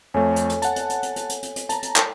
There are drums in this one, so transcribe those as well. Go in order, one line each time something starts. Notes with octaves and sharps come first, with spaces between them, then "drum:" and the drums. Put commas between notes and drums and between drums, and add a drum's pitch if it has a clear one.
F2 A3 A4 C#5 G#5
drum: hi-hat
drum: hi-hat
F#5 A5, drum: hi-hat
drum: hi-hat
drum: hi-hat
drum: hi-hat
drum: hi-hat
drum: hi-hat
drum: hi-hat
drum: hi-hat
A5 A#5, drum: hi-hat
drum: hi-hat
drum: clap